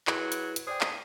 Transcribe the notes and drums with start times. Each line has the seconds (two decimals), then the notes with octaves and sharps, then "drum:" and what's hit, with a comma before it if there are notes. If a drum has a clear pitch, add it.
0.07 F#3 E4 G#4 B4, drum: clap
0.32 drum: hi-hat
0.56 drum: hi-hat
0.67 G#4 C5 D5 G5
0.81 drum: clap